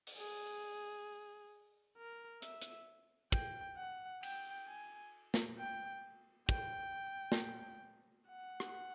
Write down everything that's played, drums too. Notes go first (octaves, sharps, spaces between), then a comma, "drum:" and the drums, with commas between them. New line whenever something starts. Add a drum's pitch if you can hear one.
drum: open hi-hat
G#4
A#4
E5, drum: hi-hat
drum: hi-hat
G5, drum: kick
F#5
G5, drum: cymbal
G#5
drum: snare
G5
G5, drum: kick
drum: snare
F#5
drum: rim click